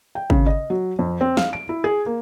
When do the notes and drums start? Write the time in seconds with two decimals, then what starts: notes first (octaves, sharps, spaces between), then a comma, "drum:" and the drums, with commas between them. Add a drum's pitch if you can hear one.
0.15 G5
0.30 C#3, drum: kick G#1
0.46 D#5
0.70 F#3
0.99 F2
1.21 C4
1.37 F5, drum: snare
1.53 D7
1.69 E4
1.84 G#4
2.06 A#3